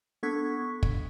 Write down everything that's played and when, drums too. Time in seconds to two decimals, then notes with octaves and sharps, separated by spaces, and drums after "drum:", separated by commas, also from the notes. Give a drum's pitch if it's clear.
0.23 B3 D4 A4 C#6 G#6 B6
0.83 drum: kick